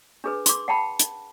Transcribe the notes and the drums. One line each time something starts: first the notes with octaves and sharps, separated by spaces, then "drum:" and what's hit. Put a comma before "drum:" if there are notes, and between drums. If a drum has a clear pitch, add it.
D4 G#4 B4
C6 D6, drum: hi-hat
F#5 G5 A5 B5
drum: hi-hat